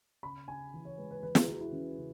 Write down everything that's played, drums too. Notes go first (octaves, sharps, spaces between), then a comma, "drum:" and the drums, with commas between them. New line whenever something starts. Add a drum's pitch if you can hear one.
C#3 B5
C#3 G#5
E3
C#5
G#3 B4
B4
E3 B4
G#4, drum: snare
E3 F#4
E4
E3 C#4
C#3